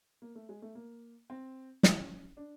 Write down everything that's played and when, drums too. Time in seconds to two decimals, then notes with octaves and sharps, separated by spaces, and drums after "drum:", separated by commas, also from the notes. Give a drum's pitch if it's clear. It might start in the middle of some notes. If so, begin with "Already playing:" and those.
0.22 A#3
0.36 A3
0.49 G#3
0.62 A3
0.75 A#3
1.30 C4
1.83 C#4, drum: snare
2.37 D4